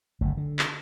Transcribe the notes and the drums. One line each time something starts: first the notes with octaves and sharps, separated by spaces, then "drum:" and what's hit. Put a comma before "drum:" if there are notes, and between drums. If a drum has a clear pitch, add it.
F#1 D3 A3
D3
drum: clap